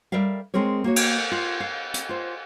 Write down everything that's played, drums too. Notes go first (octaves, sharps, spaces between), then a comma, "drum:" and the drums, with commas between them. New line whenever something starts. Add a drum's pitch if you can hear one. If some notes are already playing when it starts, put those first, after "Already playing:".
G3 A#4 D5 E5 F5
G#3 C4 G#4 A#4 C#5
A#3 F#4 C#5
drum: cymbal
F4
F5
drum: hi-hat
F4 C5